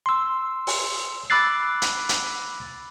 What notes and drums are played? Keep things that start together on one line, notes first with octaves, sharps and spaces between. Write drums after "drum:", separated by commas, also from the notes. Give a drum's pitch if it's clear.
C6 E6
drum: open hi-hat
B5 D6 E6 F#6 A6 C7
drum: hi-hat
drum: hi-hat